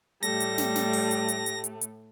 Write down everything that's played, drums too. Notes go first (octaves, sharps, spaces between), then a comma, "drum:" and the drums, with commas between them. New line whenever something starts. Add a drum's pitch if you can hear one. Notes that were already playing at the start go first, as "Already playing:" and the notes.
A2 G3 A3 G4 A#6, drum: hi-hat
drum: hi-hat
drum: snare
drum: snare
drum: open hi-hat
drum: hi-hat
drum: hi-hat
drum: hi-hat
drum: hi-hat
drum: hi-hat